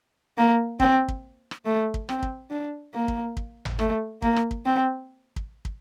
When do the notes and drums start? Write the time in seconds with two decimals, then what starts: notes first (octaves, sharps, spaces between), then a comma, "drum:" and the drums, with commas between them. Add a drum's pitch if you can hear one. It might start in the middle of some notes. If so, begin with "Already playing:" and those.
0.38 A#3
0.80 C4, drum: kick
1.08 drum: kick
1.51 drum: rim click
1.65 A3
1.94 drum: kick
2.09 C4, drum: rim click
2.23 drum: kick
2.50 D4
2.94 A#3
3.08 drum: kick
3.37 drum: kick
3.65 drum: tom G#1
3.79 A3, drum: rim click
4.22 A#3, drum: kick
4.36 drum: rim click
4.51 drum: kick
4.65 C4
5.36 drum: kick
5.65 drum: kick